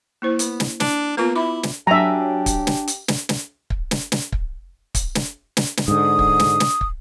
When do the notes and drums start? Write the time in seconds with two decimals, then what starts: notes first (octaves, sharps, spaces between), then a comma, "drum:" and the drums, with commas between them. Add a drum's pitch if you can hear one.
0.22 A#3 E4 C5
0.39 B3, drum: hi-hat
0.60 drum: snare
0.80 D4, drum: snare
1.17 A#3 B3 F4 B4
1.35 E4 E5 B5 D6
1.63 drum: snare
1.87 F#3 D4 G4 E5 G#5 A#5
2.46 drum: kick, hi-hat
2.67 drum: snare
2.88 drum: hi-hat
3.08 drum: snare
3.29 drum: snare
3.70 drum: kick
3.91 drum: snare
4.12 drum: snare
4.32 drum: kick
4.95 drum: kick, hi-hat
5.15 drum: snare
5.57 drum: snare
5.77 drum: snare
5.88 G#2 D3 D#6
6.19 drum: kick
6.39 drum: snare
6.60 drum: snare
6.81 drum: kick